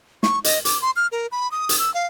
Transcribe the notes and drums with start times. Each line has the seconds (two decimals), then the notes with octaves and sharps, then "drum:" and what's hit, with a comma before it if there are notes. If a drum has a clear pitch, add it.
0.23 C#6, drum: snare
0.44 D#5, drum: hi-hat
0.65 D6, drum: hi-hat
0.82 C6
0.96 F6
1.12 A#4
1.32 B5
1.52 D#6
1.69 drum: hi-hat
1.79 E6
1.94 F5